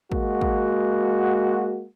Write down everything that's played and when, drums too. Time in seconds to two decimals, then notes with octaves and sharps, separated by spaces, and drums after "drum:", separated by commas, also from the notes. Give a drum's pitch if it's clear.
0.12 G#3 A#3 F#4, drum: kick
0.41 drum: kick